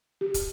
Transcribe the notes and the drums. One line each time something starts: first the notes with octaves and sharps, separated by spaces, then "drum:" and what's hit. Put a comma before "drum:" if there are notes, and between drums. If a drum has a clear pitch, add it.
G4
drum: kick, hi-hat